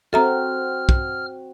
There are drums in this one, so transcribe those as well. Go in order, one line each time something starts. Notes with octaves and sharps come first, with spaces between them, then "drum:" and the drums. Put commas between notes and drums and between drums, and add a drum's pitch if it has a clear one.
C4 F#4 A4 E5 A#5 F6
drum: kick